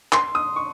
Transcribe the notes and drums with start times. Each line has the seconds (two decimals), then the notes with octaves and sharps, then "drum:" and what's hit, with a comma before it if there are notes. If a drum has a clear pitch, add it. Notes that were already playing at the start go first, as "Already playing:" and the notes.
0.12 C6, drum: clap
0.35 D#6
0.56 C#6